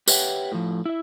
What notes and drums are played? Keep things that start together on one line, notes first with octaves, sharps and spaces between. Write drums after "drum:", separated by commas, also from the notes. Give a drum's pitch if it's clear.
G4 B4 C#5 E5 F#5 G5, drum: tambourine
A2 F3
E4 E5